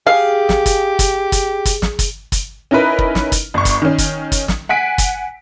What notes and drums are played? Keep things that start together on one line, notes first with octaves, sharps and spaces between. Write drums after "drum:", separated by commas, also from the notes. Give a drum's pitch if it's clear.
G4 G#4 F5
drum: snare
drum: kick, hi-hat
drum: kick, hi-hat
drum: kick, hi-hat
drum: kick, hi-hat
drum: snare
drum: kick, hi-hat
drum: kick, hi-hat
C#4 D#4 E4 A#4 B4
drum: kick
drum: snare
drum: kick, hi-hat
G1 C#6
drum: kick, hi-hat
D#3 C#4
drum: kick, hi-hat
drum: kick, hi-hat
drum: snare
F#5 G#5 B6 D7
drum: kick, hi-hat